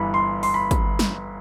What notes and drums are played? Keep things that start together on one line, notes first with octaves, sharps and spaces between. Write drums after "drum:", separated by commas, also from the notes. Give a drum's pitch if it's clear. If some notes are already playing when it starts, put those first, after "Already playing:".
Already playing: G1 G2 E3 B5
C6
C6, drum: open hi-hat
B5
drum: kick, hi-hat
drum: snare